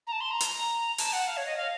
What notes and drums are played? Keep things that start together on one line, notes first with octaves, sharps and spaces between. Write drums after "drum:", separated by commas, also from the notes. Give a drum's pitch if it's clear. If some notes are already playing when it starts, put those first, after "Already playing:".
A#5
A5
C6
A#5
drum: hi-hat
A5, drum: open hi-hat
F#5
F5
C#5
D#5
F5